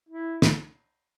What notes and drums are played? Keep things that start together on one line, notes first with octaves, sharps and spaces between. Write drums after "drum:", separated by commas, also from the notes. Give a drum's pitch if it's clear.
E4
drum: snare